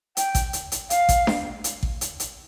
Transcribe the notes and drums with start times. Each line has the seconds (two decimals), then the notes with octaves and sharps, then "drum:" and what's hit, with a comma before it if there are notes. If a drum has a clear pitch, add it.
0.17 G5, drum: hi-hat
0.35 drum: kick A1, hi-hat
0.53 drum: hi-hat
0.72 drum: hi-hat
0.90 F5, drum: hi-hat
1.09 drum: kick A1, hi-hat
1.27 drum: snare D4
1.64 drum: hi-hat
1.83 drum: kick A1
2.01 drum: hi-hat
2.20 drum: hi-hat